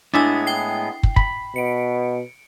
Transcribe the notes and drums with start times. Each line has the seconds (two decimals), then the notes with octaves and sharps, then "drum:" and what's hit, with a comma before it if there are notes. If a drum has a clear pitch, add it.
0.14 A2 G#3 B3 D4 E4 G#5
0.47 G5 C7
1.03 drum: kick
1.16 B5, drum: kick
1.56 B2 C#7 D7